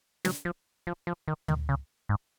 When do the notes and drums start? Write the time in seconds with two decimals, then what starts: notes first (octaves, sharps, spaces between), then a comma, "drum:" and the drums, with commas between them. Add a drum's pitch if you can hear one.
0.25 F#3, drum: snare
0.45 F3
0.87 F3
1.07 F3
1.28 D#3
1.48 D#3, drum: tom D2
1.69 C#3
2.09 G#2